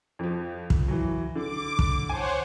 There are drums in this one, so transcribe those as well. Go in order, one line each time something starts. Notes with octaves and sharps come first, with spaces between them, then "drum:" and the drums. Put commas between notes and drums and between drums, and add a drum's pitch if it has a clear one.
F2 F3
drum: kick
E3 F#3
D3 D6
drum: kick
C5 C#5 F#5 G#5 A5